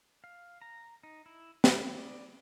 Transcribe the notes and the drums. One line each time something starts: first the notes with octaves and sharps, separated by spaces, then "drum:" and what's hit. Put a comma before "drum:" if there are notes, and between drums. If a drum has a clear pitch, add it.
F5
A#5
D#4
E4
B5, drum: snare
D5